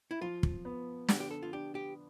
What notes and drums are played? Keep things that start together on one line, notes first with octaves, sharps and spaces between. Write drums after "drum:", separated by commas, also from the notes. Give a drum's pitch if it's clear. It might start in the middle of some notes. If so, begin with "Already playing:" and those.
E4
F3 F4
drum: kick
B3
D3 G4, drum: snare
G4
A4
F4
D4 G4
G4